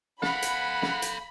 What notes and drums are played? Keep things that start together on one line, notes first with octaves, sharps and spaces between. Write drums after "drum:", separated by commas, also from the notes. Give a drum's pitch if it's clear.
A4 F5 F#5 B5, drum: snare
drum: hi-hat
drum: snare
drum: hi-hat